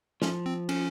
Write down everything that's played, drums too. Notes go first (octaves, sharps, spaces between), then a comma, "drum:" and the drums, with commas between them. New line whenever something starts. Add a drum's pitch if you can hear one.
F3 C#4, drum: snare
C4
C#4, drum: cymbal